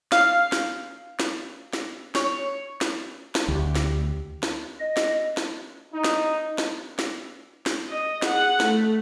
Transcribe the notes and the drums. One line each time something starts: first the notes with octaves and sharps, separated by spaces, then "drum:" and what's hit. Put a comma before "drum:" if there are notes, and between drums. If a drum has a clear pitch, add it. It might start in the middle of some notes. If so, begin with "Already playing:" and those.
F5, drum: snare
drum: snare
drum: snare
drum: snare
C#5, drum: snare
drum: snare
drum: snare
D2 G4
drum: snare
drum: snare
D#5
drum: snare
drum: snare
D#4
drum: snare
drum: snare
drum: snare
drum: snare
D#5
G#4 F#5, drum: snare
A3, drum: snare